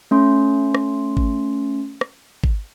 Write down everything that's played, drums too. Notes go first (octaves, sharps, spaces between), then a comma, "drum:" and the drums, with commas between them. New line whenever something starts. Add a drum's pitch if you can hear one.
A3 C#4 C6
drum: rim click
drum: kick G#1
drum: rim click
drum: kick G#1